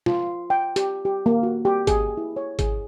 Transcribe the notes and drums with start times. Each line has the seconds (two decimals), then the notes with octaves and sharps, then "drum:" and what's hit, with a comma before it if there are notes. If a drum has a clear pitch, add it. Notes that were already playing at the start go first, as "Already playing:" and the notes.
0.06 F4, drum: snare
0.50 G5
0.76 G4, drum: hi-hat
1.05 G4
1.26 A#3
1.43 F#4
1.65 G4
1.87 G#4, drum: kick G#1, hi-hat
2.17 E4
2.36 C#5
2.59 G#4, drum: kick G#1, hi-hat